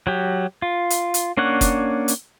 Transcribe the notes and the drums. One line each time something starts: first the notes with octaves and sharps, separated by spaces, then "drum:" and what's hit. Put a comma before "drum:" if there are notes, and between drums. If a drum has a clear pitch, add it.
F#3 G4
F4
drum: hi-hat
drum: hi-hat
A#3 C#4 D4 C#5 F#5
drum: kick F#1, hi-hat
drum: hi-hat